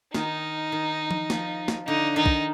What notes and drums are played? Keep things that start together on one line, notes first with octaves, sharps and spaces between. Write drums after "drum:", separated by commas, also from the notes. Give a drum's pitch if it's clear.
D#3 D#4, drum: snare
D#3
drum: tom F3
F3, drum: snare
drum: snare
D3 D#4
D#3 D#4
drum: kick